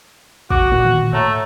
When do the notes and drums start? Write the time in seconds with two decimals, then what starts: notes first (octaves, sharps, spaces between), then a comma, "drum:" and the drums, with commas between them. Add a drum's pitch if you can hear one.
0.50 F#4 D6 F#6, drum: kick
0.72 A#2
0.85 drum: tom D3
1.13 A3 C#5 A#5, drum: tom G#2